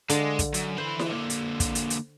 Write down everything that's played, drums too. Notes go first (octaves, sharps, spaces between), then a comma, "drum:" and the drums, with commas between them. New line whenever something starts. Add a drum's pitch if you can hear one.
D3 G#3 D5 F5, drum: hi-hat
drum: kick, hi-hat
F#2, drum: hi-hat
E3 C5 B5
drum: snare E4
D3 A#3
drum: hi-hat
drum: kick, hi-hat
drum: hi-hat
drum: hi-hat